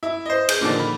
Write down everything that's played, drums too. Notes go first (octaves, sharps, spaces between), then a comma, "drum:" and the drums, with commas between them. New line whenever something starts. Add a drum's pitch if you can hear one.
E4
C5 D#5
G#4 G6, drum: cymbal
A#2 D3 D#3 F3
B5